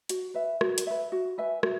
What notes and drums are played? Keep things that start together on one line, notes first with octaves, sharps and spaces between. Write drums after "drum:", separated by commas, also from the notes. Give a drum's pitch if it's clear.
F#4, drum: hi-hat
B4 E5
F#4, drum: rim click
drum: hi-hat
B4 E5
F#4
B4 E5 G#5
F#4, drum: rim click